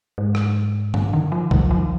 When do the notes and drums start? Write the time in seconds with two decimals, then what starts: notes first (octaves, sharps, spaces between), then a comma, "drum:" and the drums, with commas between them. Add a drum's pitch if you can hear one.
0.18 G#2
0.35 drum: rim click
0.94 D3, drum: tom G2
1.13 D#3
1.32 F3
1.51 D#3, drum: kick B1
1.71 F3